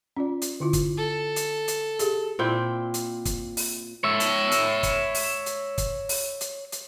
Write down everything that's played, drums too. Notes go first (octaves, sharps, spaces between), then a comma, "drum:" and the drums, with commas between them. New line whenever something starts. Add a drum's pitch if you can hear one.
C#4 F4 D5
drum: hi-hat
D3 E4 F4
drum: kick, hi-hat
A4
drum: hi-hat
drum: hi-hat
G4 G#4, drum: hi-hat
A#2 C4 E4 G5
drum: hi-hat
drum: kick, hi-hat
drum: open hi-hat
C#5 E5
drum: hi-hat
drum: hi-hat
drum: kick, hi-hat
drum: open hi-hat
drum: hi-hat
drum: kick, hi-hat
drum: open hi-hat
drum: hi-hat
drum: hi-hat